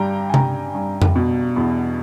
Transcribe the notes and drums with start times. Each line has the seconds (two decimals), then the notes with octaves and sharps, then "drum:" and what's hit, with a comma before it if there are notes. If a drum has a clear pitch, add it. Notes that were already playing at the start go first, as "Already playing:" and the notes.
Already playing: G2 G3 G5 A#5
0.30 G#5
0.34 G2 A#5, drum: tom C3
0.74 G2
1.02 drum: tom F2
1.15 B2
1.56 E2